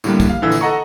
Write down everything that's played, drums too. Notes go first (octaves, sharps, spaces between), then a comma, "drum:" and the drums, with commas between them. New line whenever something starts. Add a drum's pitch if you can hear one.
A2 D3 G3 A#3, drum: tambourine
drum: kick, tambourine
F5
A#1 D3 E3 E6
drum: tambourine
A4 D#5 F#5 A#5 C#6